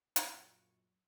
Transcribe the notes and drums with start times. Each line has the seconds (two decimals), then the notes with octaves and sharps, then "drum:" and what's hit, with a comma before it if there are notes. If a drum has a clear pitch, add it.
0.16 A#1 F#2 C#6, drum: hi-hat